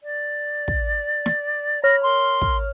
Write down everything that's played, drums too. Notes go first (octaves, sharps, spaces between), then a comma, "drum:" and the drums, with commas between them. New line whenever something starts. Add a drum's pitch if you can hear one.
D5
drum: kick
drum: snare
C#5 B5 F6 A#6
A#4 C6
drum: kick